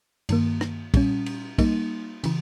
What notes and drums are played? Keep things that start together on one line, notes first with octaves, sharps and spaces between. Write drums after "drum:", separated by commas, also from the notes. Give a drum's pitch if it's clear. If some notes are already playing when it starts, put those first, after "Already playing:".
G2 D#3 A#3, drum: cymbal
drum: rim click
A#2 G3 C#4, drum: kick, cymbal
drum: cymbal
G3 A#3 D#4, drum: kick, cymbal
C#3 E3, drum: cymbal